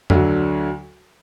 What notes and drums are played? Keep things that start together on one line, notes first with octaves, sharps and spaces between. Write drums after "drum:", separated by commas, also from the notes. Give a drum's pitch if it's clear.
D2 D3 F#3, drum: tom F2